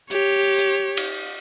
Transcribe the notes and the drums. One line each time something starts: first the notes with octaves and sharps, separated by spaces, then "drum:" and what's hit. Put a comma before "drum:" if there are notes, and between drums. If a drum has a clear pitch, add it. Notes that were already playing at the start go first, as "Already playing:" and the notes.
G4 C#5, drum: hi-hat
drum: hi-hat
drum: cymbal